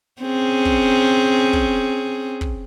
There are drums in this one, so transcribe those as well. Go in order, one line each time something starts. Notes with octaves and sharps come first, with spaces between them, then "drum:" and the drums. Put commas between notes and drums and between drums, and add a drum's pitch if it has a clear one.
C4 C#4 G#4
drum: kick
drum: kick
drum: kick